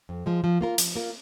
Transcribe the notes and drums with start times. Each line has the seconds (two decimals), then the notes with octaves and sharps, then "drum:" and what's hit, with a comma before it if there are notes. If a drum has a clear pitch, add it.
0.09 F2
0.26 F3 G#3
0.44 F3
0.61 A#3 F4 A#4
0.78 F3, drum: hi-hat
0.96 A#3 F4 A#4